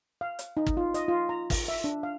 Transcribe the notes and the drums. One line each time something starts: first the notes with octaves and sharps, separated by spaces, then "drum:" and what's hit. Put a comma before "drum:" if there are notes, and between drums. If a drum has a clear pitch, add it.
F5
drum: hi-hat
D#4
drum: kick
F4
D#5, drum: hi-hat
F4
A#5
drum: kick, open hi-hat
E5
D4
F5